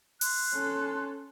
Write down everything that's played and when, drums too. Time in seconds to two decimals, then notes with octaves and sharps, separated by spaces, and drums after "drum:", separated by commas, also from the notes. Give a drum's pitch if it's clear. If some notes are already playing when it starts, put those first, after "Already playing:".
0.21 C6 F#6, drum: open hi-hat
0.54 C#4 A4